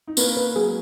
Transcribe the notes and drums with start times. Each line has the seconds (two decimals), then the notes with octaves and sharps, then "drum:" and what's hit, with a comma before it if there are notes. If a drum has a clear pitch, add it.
0.07 D#4
0.17 A#3 C#4 B4, drum: tambourine
0.37 B4
0.55 F#3 A#3 G#4